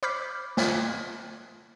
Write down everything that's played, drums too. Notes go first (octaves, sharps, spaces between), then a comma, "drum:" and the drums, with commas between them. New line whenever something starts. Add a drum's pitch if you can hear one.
C5 B5 D6 F6 G6 B6
drum: snare